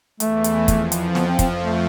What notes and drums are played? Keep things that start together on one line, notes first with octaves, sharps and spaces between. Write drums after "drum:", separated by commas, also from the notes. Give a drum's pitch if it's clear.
E2 E3 A3, drum: hi-hat
drum: hi-hat
F2 F3, drum: kick, hi-hat
drum: hi-hat
B3, drum: snare
C4
C4, drum: kick, hi-hat
A3